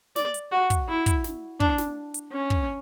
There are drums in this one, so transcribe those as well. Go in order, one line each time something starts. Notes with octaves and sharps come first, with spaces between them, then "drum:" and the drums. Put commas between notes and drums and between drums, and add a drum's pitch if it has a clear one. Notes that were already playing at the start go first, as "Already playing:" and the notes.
D5, drum: snare
drum: hi-hat
F#4
drum: kick, hi-hat
E4
drum: kick, hi-hat
drum: snare
D4, drum: kick
drum: snare
drum: hi-hat
C#4
drum: kick